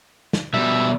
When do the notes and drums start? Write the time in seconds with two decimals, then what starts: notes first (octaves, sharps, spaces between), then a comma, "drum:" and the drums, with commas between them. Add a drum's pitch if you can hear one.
0.33 drum: snare
0.54 B2 G3 E5